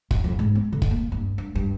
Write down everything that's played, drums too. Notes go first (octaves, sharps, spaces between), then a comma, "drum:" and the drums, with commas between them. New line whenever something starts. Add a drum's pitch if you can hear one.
F#2, drum: kick
F2
G#2
B3
D3
drum: kick
A#3
G2
G2
G2